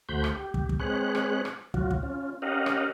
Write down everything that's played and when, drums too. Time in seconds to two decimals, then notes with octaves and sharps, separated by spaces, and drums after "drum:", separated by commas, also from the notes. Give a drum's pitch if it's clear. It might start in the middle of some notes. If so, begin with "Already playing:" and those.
0.09 D2 A3 F#4 C5 B5 G6
0.24 drum: rim click
0.34 G4
0.54 drum: kick
0.69 drum: kick
0.80 G#3 C4 G#4 B4 C#5 F#6
1.15 drum: rim click
1.45 drum: rim click
1.74 F#3 F4 F#4, drum: kick
1.90 drum: kick
2.03 C#4 F4
2.42 C#4 G4 A#4 D#5 F5 F#5
2.66 drum: rim click